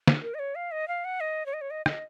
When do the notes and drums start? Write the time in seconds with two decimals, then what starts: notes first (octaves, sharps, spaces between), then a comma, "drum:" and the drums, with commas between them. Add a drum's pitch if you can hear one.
0.07 drum: snare
0.23 A#4
0.34 D#5
0.39 C#5
0.55 F5
0.71 D#5
0.88 F5
1.05 F#5
1.20 D#5
1.46 C#5
1.53 D#5
1.61 C#5
1.70 D#5
1.86 D#5, drum: rim click